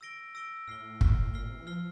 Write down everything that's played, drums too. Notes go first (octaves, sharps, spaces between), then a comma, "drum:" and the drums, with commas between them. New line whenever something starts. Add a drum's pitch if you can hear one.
E6 A#6 D7 G7
E6 A#6 D7 G7
A2 F6 C7 G7
F6 C7 G7, drum: kick
A#2 F6 C7 G7
C3
E3
F3 F6 C7 G7